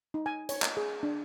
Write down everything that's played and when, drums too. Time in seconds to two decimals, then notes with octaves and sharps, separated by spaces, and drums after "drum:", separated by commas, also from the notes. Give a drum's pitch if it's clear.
0.14 D#4
0.26 G#5
0.49 C#5, drum: hi-hat
0.62 D#5, drum: clap
0.77 G#4
1.03 D4